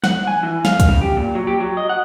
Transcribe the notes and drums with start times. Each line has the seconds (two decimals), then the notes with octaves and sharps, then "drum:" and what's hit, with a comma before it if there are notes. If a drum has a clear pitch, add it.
0.04 F#5, drum: snare
0.27 G#5
0.43 E3
0.65 F5, drum: snare
0.80 drum: kick, hi-hat
0.89 C#3
1.01 G4
1.17 A#2
1.35 F#3
1.47 G4
1.60 F#3
1.77 D#5
1.89 F#5